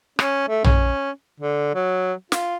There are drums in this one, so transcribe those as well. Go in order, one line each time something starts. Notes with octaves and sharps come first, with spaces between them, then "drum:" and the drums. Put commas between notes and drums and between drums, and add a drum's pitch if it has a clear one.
C#4, drum: rim click
A3
C#4, drum: tom A#1
D3
F#3
F4, drum: snare